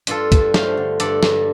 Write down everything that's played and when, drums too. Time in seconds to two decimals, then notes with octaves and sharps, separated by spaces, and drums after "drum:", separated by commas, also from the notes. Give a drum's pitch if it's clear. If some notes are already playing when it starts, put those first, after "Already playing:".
0.07 G2 F4 A4, drum: hi-hat
0.32 G2, drum: kick, hi-hat
0.54 A3 C5 F5, drum: snare
0.77 D3
1.00 G2 A4 D5, drum: hi-hat
1.23 G2, drum: snare